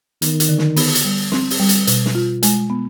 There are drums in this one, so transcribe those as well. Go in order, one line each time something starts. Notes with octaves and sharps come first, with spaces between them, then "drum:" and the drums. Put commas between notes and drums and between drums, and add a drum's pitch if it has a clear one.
D#3 B3, drum: hi-hat
drum: hi-hat
D3
drum: snare
B3, drum: open hi-hat
drum: hi-hat
G3
C4, drum: snare
drum: open hi-hat
G3
drum: hi-hat
B2, drum: hi-hat
drum: snare
F4
G#3, drum: hi-hat
B3